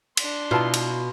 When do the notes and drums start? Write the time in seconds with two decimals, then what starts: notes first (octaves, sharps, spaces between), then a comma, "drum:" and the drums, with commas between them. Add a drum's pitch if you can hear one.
0.17 D4 C6, drum: cymbal
0.51 B2 E4 F4 A5 A#5
0.74 drum: cymbal